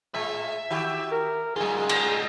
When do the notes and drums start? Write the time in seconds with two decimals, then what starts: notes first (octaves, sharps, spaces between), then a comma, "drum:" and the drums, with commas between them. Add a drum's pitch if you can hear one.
0.15 A2 G#3 E5
0.70 D#3 F#4 G4
1.12 A#4
1.56 G#2 F#3 G#3 F4 G#4
1.89 drum: cymbal